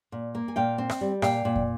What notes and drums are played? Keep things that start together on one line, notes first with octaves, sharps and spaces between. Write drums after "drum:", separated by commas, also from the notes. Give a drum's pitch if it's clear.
A#2
A#3
G#5
A#2 F5 G5
C4
drum: rim click
G3
A#2 F5 G5, drum: rim click
A#2
drum: kick